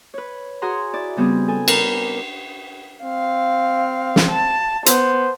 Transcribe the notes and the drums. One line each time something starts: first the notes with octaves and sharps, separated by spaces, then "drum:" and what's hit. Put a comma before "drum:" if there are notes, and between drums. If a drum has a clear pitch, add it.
B4 C#5
F#4 G#4 F#5 A#5 C6
E4 D5
C#3 G3 B3 C4 G#4
A4 G#5
A#4 B4 D5 A#5, drum: cymbal
C4 F5
drum: snare
A5
B3 C5, drum: hi-hat